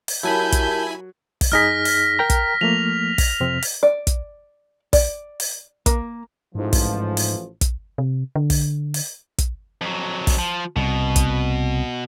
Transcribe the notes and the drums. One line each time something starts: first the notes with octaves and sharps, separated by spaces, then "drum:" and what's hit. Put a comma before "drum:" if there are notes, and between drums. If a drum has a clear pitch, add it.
drum: open hi-hat
F#3 E4 G4 A#4 G#5 A5 B5 G6
drum: kick, hi-hat
drum: kick, open hi-hat
F#2 D#4 G#4 F6 A#6 B6
drum: open hi-hat
A#4 G5 A#5
drum: kick, hi-hat
F3 A3 A#3 F7
drum: kick, open hi-hat
F2 C3 C4
drum: open hi-hat
D5
drum: kick, hi-hat
D5, drum: kick, open hi-hat
drum: open hi-hat
A#3, drum: kick, hi-hat
A1 G#2 E3 F3
drum: kick, open hi-hat
drum: open hi-hat
drum: kick, hi-hat
C3
D3
drum: kick, open hi-hat
drum: open hi-hat
drum: kick, hi-hat
F2 F#3
drum: kick, open hi-hat
F3
C2 B2
drum: kick, hi-hat